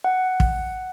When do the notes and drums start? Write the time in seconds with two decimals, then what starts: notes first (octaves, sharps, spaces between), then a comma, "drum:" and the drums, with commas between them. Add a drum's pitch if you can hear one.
0.04 F#5
0.40 drum: kick